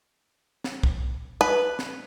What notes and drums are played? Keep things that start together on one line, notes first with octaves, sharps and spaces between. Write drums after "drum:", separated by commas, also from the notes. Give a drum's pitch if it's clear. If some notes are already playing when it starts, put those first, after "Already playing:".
drum: snare
drum: kick
B4
drum: snare